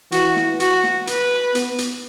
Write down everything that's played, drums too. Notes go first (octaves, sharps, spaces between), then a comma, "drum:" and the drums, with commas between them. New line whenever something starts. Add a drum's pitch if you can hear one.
E3 F#4, drum: hi-hat
drum: snare
F#4, drum: hi-hat
drum: snare
B4, drum: hi-hat
B3, drum: hi-hat
drum: hi-hat